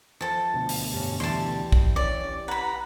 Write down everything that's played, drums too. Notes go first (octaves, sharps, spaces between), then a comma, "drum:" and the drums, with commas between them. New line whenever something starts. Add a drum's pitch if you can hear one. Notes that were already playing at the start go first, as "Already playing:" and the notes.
F3 A4 A5
D2 B2
drum: open hi-hat
G2 C#4
E3 G3 G4 A5 C6
drum: kick B1
C#4 D5
B4 F#5 A#5 B5